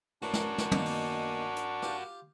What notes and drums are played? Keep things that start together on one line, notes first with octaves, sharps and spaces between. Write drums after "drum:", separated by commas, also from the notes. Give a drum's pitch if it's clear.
A2 D4 F#4 A#4 B4 C#6
drum: snare
drum: snare
B2 D#3 A#3, drum: tom
drum: open hi-hat
drum: hi-hat
F4 G4, drum: rim click